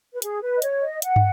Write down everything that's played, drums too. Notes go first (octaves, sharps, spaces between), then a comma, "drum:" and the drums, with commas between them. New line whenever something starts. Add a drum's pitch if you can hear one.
B4
G#4, drum: hi-hat
B4
D#5
C#5, drum: hi-hat
D#5
F#5, drum: hi-hat
drum: tom